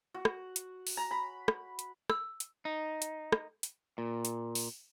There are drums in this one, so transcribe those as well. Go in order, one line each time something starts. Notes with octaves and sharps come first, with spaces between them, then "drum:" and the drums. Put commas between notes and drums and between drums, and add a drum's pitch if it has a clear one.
F#4
drum: rim click
drum: hi-hat
drum: open hi-hat
A#5
B5
drum: rim click
drum: hi-hat
E6, drum: rim click
drum: hi-hat
D#4
drum: hi-hat
drum: rim click
drum: hi-hat
A#2
drum: hi-hat
drum: open hi-hat